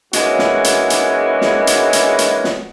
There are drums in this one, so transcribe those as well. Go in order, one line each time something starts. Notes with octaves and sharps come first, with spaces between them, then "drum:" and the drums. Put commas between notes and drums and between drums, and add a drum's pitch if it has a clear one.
G#2 E3 G#3 A#3 C#4 F#4, drum: hi-hat
drum: snare
drum: hi-hat
drum: hi-hat
drum: snare
drum: hi-hat
drum: hi-hat
drum: hi-hat
drum: snare